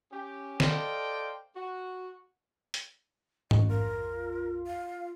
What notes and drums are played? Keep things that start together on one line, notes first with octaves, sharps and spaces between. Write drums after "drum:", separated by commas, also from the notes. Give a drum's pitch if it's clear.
C#4 G4
A4 C5 D5 D#5 F5 G5, drum: snare
F#4
drum: hi-hat
A#1 F2 F#4 D#5, drum: tom G#2
F4 A#4
F5